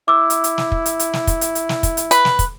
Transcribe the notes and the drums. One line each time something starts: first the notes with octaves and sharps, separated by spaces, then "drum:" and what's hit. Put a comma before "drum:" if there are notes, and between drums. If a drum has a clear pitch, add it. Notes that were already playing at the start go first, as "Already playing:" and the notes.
E4 D6 E6
drum: hi-hat
drum: hi-hat
drum: snare
drum: kick
drum: hi-hat
drum: hi-hat
drum: snare
drum: kick, hi-hat
drum: hi-hat
drum: hi-hat
drum: snare
drum: kick, hi-hat
drum: hi-hat
B4, drum: hi-hat
drum: snare
drum: kick, hi-hat